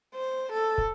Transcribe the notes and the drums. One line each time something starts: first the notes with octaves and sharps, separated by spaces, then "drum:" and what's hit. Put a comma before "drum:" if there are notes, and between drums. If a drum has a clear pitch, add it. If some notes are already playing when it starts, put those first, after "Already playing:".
C5
A4
drum: kick